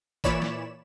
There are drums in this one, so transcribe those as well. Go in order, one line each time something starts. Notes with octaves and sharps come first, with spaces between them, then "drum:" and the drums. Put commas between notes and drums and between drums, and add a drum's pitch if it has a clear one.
A#2 E3 C#5 D5 B5 E7, drum: kick
drum: snare